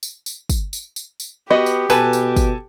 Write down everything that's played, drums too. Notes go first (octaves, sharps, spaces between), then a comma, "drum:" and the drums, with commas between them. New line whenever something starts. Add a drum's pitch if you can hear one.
drum: tambourine
drum: tambourine
drum: kick, tambourine
drum: tambourine
drum: tambourine
drum: tambourine
B3 F#4 G4 D#5
drum: tambourine
B2 A4 B4 G#5 A5, drum: tambourine
drum: tambourine
drum: kick, tambourine